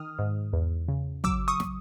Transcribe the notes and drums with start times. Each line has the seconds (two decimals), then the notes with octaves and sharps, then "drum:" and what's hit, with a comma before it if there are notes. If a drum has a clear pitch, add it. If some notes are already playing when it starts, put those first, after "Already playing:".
Already playing: D#3 D#6 F6
0.19 G#2
0.53 E2
0.88 C#3
1.24 F#3 D6 E6, drum: kick
1.48 C#6 D#6
1.60 drum: snare